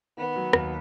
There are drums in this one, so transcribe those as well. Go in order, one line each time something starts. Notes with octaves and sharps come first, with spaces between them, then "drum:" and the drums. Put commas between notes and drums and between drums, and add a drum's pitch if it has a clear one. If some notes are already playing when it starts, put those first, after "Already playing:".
D#3 B3
F#3
D#2, drum: rim click